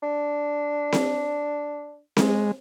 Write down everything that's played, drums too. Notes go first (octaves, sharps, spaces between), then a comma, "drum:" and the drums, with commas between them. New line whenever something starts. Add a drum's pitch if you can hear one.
D4
drum: snare C4
G#3, drum: snare C4